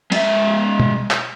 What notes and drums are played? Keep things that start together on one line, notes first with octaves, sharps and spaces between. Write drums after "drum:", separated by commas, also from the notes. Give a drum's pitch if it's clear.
G#3 E5, drum: cymbal
drum: tom B2
drum: clap